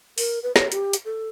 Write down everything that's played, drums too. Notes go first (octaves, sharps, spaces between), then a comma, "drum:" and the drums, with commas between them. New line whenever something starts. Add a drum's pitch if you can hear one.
A#4, drum: open hi-hat
B4
C#5, drum: snare
G4, drum: hi-hat
drum: hi-hat
A4